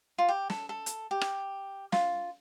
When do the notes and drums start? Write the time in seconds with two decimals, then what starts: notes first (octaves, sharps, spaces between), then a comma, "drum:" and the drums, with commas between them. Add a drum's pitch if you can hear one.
0.18 F4
0.29 G4
0.50 A4, drum: snare
0.69 A4
0.86 drum: hi-hat
1.11 G4
1.21 drum: rim click
1.92 F4, drum: snare